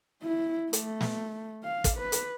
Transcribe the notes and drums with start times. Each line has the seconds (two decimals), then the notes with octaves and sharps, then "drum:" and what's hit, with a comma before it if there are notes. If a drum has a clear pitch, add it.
0.23 E4
0.73 A3, drum: hi-hat
1.01 drum: snare
1.64 F5
1.84 drum: kick, hi-hat
1.97 B4
2.12 drum: hi-hat